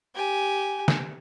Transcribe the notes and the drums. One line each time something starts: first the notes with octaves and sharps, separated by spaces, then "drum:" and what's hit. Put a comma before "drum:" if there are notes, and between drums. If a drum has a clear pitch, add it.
G4 G#5
drum: snare